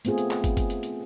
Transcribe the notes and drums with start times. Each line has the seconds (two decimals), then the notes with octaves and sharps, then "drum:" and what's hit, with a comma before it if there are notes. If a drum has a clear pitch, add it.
0.05 A3 B3 C4 F4 G#4, drum: hi-hat
0.18 drum: hi-hat
0.31 drum: clap
0.44 drum: kick, hi-hat
0.57 drum: kick, hi-hat
0.70 drum: hi-hat
0.83 drum: hi-hat